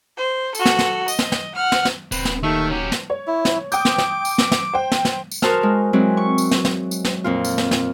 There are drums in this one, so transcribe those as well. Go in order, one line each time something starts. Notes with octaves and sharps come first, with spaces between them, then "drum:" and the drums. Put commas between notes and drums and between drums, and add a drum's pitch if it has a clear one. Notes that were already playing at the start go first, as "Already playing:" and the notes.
C5
F#4 A4, drum: tambourine
drum: snare
drum: snare
D#5, drum: tambourine
drum: snare
drum: snare
F#5 F6
drum: snare
drum: snare
D#1 C4 B4, drum: tambourine
drum: snare
D#2 D#3 A3 E5 C#6
F#3 C#4 G4
drum: snare
C#5
E4
drum: snare
G5 D6 D#6 G6, drum: tambourine
drum: snare
drum: snare
drum: tambourine
drum: snare
drum: snare
C5 G5
drum: snare
drum: snare
drum: tambourine
F#4 A#4 C5 A5 D#6 F6, drum: snare
G#3
F#3 G#3 C4 E4
C#6
drum: tambourine
drum: snare
drum: snare
drum: tambourine
drum: snare
F2 A#2 F4
drum: tambourine
drum: snare
drum: snare